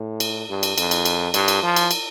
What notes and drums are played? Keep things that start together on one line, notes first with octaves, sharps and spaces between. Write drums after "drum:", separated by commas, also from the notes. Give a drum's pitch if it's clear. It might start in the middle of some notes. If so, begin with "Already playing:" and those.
Already playing: A2
drum: cymbal
G2
drum: cymbal
F2, drum: cymbal
drum: cymbal
drum: cymbal
G2, drum: cymbal
drum: cymbal
F3
drum: cymbal
drum: cymbal